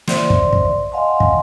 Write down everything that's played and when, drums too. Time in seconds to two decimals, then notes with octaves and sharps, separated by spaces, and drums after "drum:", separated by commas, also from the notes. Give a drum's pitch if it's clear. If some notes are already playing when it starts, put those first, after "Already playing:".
0.07 C5 D5 E5 C6, drum: snare
0.30 drum: kick
0.53 drum: kick
0.92 D#5 F5 F#5 G#5 A5 C6
1.20 drum: kick